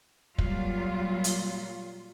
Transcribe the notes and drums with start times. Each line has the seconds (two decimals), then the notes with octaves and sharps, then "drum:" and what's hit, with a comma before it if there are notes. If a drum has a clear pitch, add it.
0.38 A#2 F#3 G3 F4, drum: kick
1.24 drum: hi-hat